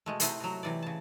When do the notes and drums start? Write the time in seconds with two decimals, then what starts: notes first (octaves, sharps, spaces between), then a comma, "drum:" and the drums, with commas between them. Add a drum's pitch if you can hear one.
0.06 B2 G#3 A3
0.20 C3 A3 E4 C5 D#5 F#5, drum: hi-hat
0.40 C3 F#3
0.63 C3 E3 D5
0.83 C#3 A5